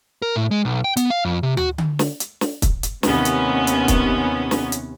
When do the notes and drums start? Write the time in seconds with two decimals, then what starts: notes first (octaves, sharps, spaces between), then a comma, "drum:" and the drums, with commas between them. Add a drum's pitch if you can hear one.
0.22 A#4
0.36 A2
0.51 G#3
0.65 B1
0.84 G5
0.97 B3, drum: hi-hat
1.10 F5
1.25 F2
1.43 C3
1.57 F#4, drum: tom
1.78 drum: tom D3
1.99 drum: snare
2.20 drum: hi-hat
2.41 drum: snare
2.62 drum: kick, hi-hat
2.83 drum: hi-hat
3.03 D#2 C3 B3 C#4, drum: snare
3.25 drum: hi-hat
3.67 drum: hi-hat
3.88 drum: kick, hi-hat
4.51 drum: snare
4.72 drum: hi-hat